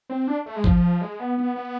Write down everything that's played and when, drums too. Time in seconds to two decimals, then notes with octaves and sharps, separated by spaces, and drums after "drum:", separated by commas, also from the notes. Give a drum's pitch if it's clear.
0.10 C4
0.28 D4
0.46 A3
0.56 G#3
0.64 F3, drum: kick G#1
1.01 G#3
1.20 B3
1.38 B3
1.56 B3